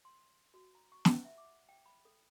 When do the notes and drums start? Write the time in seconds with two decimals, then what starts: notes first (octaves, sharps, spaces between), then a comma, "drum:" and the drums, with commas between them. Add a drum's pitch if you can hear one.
0.05 C6
0.54 F#4
0.75 A#5
0.92 C#6
1.05 F#5, drum: snare
1.25 E5
1.38 D6
1.69 G5
1.86 B5
2.05 A4